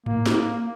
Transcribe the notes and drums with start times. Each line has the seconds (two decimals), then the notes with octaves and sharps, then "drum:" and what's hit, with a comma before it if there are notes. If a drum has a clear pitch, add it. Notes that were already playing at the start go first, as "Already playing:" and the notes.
0.06 A#3, drum: tom G#2
0.26 drum: snare